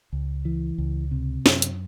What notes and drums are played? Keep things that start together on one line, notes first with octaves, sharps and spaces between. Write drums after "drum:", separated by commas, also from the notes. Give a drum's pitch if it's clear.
C#2
E3
C#2
C3
F#2, drum: snare
drum: hi-hat